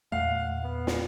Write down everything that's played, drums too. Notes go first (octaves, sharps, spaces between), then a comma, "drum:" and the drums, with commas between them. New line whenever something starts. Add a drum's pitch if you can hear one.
E2 A#2 A3 F5 F#5
B3
drum: snare